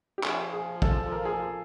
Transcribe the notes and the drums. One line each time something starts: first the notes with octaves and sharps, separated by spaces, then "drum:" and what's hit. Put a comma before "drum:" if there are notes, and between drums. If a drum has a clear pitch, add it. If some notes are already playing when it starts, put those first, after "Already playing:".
G4
F3 G#4, drum: clap
G#4
A4, drum: kick
A4
A#4
G#4
A4